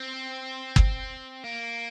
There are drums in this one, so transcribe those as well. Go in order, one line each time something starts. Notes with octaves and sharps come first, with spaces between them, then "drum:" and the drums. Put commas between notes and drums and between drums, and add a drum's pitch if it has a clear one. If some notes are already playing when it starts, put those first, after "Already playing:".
Already playing: C4
drum: kick
A#3